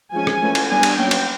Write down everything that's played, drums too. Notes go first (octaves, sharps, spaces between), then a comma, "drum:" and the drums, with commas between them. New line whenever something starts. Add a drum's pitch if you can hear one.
F3 G#3 C#4 G#5
drum: rim click
E3 A3 C#4
drum: cymbal
G3 B3 D4 G#5
drum: cymbal
F#3 A#3 C#4 G5
drum: cymbal